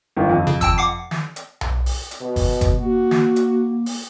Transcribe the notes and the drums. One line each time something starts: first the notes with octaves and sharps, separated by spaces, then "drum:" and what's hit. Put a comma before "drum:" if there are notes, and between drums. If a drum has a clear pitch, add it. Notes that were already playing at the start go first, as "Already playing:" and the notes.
G1 D#3
F2
C#3
G5 A5 E6, drum: kick, hi-hat
F#5 D6 C7
drum: snare
drum: hi-hat
drum: tom B1
drum: open hi-hat
drum: hi-hat
B2
drum: kick, open hi-hat
drum: kick, hi-hat
A#3 F#4
drum: snare
drum: hi-hat
drum: open hi-hat